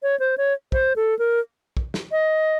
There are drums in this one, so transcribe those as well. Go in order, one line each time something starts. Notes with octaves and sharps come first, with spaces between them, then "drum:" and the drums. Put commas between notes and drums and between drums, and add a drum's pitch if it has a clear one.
C#5
C5
C#5
C5, drum: kick
A4
A#4
drum: kick
drum: snare
D#5